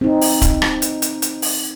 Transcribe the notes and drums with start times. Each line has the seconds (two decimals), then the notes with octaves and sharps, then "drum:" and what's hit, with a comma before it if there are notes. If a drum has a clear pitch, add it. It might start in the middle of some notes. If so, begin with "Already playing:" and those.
0.01 C4 D#4
0.21 drum: open hi-hat
0.42 drum: kick C#1, hi-hat
0.62 drum: rim click
0.82 drum: hi-hat
1.02 drum: hi-hat
1.22 drum: hi-hat
1.42 drum: open hi-hat